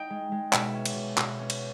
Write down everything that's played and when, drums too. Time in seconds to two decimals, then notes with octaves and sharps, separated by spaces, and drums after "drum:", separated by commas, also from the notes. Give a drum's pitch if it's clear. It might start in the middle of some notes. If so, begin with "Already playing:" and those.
Already playing: D#4 G5
0.10 G#3
0.32 G#3
0.53 B2 E5, drum: clap
0.74 C#4
0.85 drum: cymbal
0.96 B2
1.18 B2, drum: clap
1.39 C#4
1.50 drum: cymbal